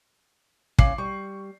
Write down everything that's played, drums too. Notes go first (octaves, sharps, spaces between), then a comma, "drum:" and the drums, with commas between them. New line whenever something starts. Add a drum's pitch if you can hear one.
C#3 D6 C7 F#7, drum: kick
G3 C#6